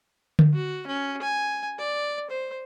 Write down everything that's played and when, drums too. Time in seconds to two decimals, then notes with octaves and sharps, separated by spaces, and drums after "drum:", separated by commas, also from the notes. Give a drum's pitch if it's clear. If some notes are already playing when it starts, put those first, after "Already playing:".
0.39 drum: tom D3
0.53 F#4
0.87 C#4
1.22 G#5
1.78 D5
2.30 C5